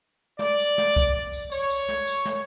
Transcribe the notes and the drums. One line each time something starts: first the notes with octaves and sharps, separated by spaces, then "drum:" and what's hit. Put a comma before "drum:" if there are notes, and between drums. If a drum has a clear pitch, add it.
D5, drum: snare
drum: tambourine
drum: snare
drum: kick C2, tambourine
drum: tambourine
C#5, drum: tambourine
drum: tambourine
drum: snare
drum: tambourine
drum: snare